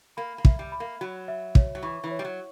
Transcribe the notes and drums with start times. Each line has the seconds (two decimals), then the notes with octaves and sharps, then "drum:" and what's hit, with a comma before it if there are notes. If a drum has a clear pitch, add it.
0.17 A#3 B5
0.38 A#3
0.45 E5, drum: kick
0.59 G3
0.72 B5
0.80 A#3
1.01 F#3 F#4
1.28 E5
1.55 C#5, drum: kick
1.75 F#3
1.83 E3 C#6
2.04 E3
2.11 C#5
2.19 G3
2.25 F#3